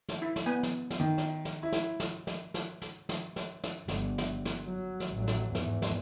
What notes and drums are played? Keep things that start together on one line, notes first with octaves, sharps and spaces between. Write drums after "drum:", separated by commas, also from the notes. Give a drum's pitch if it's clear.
drum: snare
E4
drum: snare
B3 G#5
drum: snare
drum: snare
D#3
drum: snare
drum: snare
E4
drum: snare
drum: snare
drum: snare
drum: snare
drum: snare
drum: snare
drum: snare
drum: snare
G1, drum: snare
drum: snare
drum: snare
F#3
drum: snare
A1 F#3
drum: snare
E2 G#2, drum: snare
drum: snare